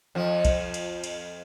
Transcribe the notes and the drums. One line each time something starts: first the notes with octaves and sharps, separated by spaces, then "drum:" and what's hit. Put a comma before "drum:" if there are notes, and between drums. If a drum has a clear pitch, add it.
F2 F3
drum: kick B1, cymbal
drum: cymbal
drum: cymbal